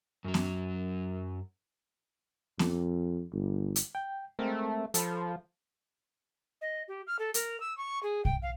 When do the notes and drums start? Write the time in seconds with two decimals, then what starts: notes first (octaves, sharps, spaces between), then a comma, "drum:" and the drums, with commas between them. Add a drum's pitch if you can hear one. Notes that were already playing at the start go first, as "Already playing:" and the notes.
0.25 F#2 F#3
0.34 drum: snare B3
2.59 F2, drum: snare B3
3.32 G1
3.76 drum: hi-hat
3.95 G5
4.39 G#3 A3 C4 A#4
4.94 F3 A4 B5, drum: hi-hat
6.61 D#5
6.88 G4
7.07 F6
7.19 A4
7.34 A#4, drum: hi-hat
7.60 E6
7.77 C#6
8.03 G#4
8.25 G5, drum: kick
8.42 F5